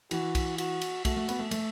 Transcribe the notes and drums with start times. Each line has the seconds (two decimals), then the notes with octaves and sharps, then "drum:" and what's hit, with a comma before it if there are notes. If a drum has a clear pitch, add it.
0.11 E3 F#4, drum: cymbal
0.35 drum: kick, cymbal
0.58 F#4, drum: cymbal
0.81 drum: cymbal
1.05 A3 F#4, drum: kick, cymbal
1.16 A3
1.29 B3, drum: cymbal
1.39 A3
1.51 A3, drum: cymbal